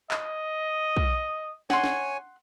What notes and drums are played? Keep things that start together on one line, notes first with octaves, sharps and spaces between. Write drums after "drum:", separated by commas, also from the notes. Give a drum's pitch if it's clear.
D#5, drum: clap
drum: kick
C#5 F#5 G#5 C6, drum: snare
drum: snare